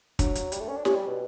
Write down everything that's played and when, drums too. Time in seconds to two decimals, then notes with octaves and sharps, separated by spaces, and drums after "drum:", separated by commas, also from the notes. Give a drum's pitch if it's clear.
0.19 F#3 D4, drum: kick, hi-hat
0.35 drum: hi-hat
0.52 G3, drum: hi-hat
0.60 A3
0.68 C#4
0.77 D4
0.85 C#4 G4, drum: snare
0.96 G3
1.07 B2